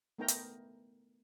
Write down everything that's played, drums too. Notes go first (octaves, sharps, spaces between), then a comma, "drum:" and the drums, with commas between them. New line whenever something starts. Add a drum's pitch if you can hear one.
A3 B3 D#4 A#4 G5 A#5
drum: hi-hat